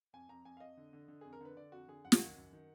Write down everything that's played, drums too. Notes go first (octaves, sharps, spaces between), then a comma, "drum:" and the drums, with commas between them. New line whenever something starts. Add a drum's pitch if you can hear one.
F2 G#5
F2 A#5
F2 G#5
F5
F2 D#5
D3
D3
D3
F2 G#4
A#4
D3 B4
D3 D5
F2 F#4
D3 G#4
F#2 F#5
F5, drum: snare
D#3 F#5
F#2
D#3